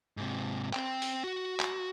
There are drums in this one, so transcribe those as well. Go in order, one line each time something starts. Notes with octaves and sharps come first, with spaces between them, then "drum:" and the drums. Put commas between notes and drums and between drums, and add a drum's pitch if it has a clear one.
G#2 C3
C4 G5, drum: clap
drum: open hi-hat
F#4
drum: clap